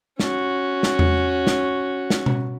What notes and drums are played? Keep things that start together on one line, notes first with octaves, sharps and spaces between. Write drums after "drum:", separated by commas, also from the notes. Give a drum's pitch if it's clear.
C#4 F#4, drum: snare
drum: snare
drum: tom E2
drum: snare
drum: snare
drum: tom B2